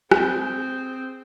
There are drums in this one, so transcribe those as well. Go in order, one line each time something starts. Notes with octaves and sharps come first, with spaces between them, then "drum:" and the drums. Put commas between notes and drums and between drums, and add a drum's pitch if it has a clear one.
C4 G#4, drum: rim click